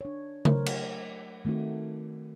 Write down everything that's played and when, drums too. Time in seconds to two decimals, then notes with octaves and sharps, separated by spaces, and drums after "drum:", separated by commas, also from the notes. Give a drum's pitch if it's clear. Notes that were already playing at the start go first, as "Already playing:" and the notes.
0.01 D4 C#5
0.45 F#3 A3 A#4 C5 C#5, drum: tom C#3
0.66 drum: cymbal
1.45 D#3 A3 C4 D#4 F#4